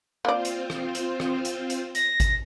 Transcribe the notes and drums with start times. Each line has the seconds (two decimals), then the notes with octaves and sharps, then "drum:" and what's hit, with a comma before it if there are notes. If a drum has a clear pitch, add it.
0.25 A#3 C4 F4 C5 D5
0.45 drum: hi-hat
0.70 drum: rim click
0.95 drum: hi-hat
1.20 drum: rim click
1.45 drum: hi-hat
1.70 drum: hi-hat
1.95 A#6, drum: hi-hat
2.20 drum: kick G#1, hi-hat